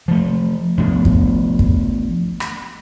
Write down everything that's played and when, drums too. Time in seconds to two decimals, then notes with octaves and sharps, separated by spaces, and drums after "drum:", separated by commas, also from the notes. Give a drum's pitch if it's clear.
0.08 F3 A3
0.78 F3 A3 B3 D4
1.05 drum: kick
1.59 drum: kick
2.40 drum: rim click